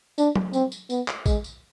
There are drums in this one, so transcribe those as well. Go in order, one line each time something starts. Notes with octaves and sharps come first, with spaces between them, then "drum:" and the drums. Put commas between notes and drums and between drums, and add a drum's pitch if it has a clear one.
D4, drum: tambourine
drum: tom
C4, drum: tambourine
drum: tambourine
B3, drum: tambourine
drum: clap
G#3, drum: kick A1, tambourine
drum: tambourine